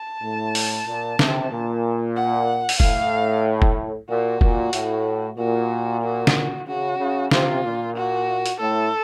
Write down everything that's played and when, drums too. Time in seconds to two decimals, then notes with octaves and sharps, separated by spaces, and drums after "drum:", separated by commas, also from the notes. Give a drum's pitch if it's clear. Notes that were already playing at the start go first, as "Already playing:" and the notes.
Already playing: A5
0.22 A2
0.55 drum: open hi-hat
0.87 A#2
1.19 C3, drum: snare
1.51 A#2
2.16 F#5
2.69 drum: open hi-hat
2.80 A2 F5, drum: kick
3.62 drum: kick
4.09 A#2 F#4
4.41 A#2, drum: kick
4.73 A2, drum: hi-hat
5.38 A#2 F#4
6.03 F#4
6.27 drum: snare
6.67 C#3 F#4
6.99 C#3
7.31 C3 F4, drum: snare
7.64 A#2
7.96 F#4
8.46 drum: hi-hat
8.60 A2 A4